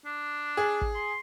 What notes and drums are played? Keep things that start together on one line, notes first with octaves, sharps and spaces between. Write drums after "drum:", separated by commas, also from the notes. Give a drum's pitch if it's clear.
D4
G#4
drum: kick
C6